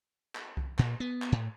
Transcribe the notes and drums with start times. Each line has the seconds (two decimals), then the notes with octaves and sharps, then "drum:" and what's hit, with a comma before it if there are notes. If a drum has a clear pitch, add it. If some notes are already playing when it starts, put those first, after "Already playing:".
0.35 drum: clap
0.57 drum: kick C2
0.79 A#2, drum: clap
1.00 B3
1.22 drum: clap
1.32 A2